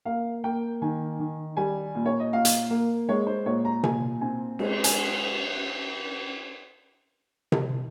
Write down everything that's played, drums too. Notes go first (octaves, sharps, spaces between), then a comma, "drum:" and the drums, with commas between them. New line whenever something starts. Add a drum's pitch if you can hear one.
A#3 F5
A#3 G5
D#3 G#5
D#3
G3 G#5
A#2
C#5
D#5
A#2 F5
drum: hi-hat
A#3
G#3 C#5
C5
A#2 C#5
A#5
A#2 G#5, drum: tom C3
C4 G#5
G#3, drum: cymbal
G#5, drum: hi-hat
drum: tom C3